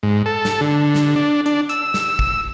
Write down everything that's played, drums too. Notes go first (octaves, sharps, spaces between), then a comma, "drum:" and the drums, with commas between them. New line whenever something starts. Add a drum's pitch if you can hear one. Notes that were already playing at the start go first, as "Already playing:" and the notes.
G#2
A4
drum: snare
D3
drum: snare
D4
D4, drum: hi-hat
E6, drum: hi-hat
drum: snare
drum: kick